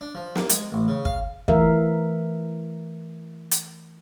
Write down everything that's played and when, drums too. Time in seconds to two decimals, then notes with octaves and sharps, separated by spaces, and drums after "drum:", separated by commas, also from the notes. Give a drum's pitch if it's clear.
0.01 D4
0.15 F3
0.36 A#3, drum: snare
0.49 G#3, drum: hi-hat
0.72 A1
0.88 C#3
1.05 F5, drum: kick
1.48 E3 A3 A#4 E5 F5, drum: kick
3.51 drum: hi-hat